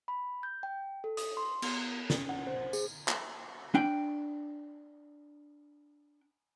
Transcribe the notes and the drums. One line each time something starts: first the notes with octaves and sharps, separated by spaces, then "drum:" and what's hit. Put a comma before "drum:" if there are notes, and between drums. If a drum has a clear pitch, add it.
B5
G6
G5
A4
D#6, drum: hi-hat
C6
B3, drum: cymbal
C#4, drum: snare
F#5
C5
G#4, drum: tambourine
drum: clap
D4 G5